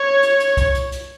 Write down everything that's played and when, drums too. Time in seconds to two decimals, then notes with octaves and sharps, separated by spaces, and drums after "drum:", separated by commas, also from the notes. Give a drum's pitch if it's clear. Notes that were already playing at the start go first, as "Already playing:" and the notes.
Already playing: C#5
0.22 drum: hi-hat
0.40 drum: hi-hat
0.57 drum: kick C2, hi-hat
0.75 drum: hi-hat
0.92 drum: hi-hat